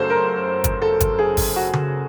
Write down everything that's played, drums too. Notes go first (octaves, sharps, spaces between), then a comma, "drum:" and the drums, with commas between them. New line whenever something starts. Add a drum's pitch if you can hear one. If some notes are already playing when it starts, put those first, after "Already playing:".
Already playing: F#2 C#3 F#3 A3 A4 C5
A#4
drum: kick, hi-hat
A4
drum: kick, hi-hat
G#4
drum: kick, open hi-hat
F#4
drum: tom C#3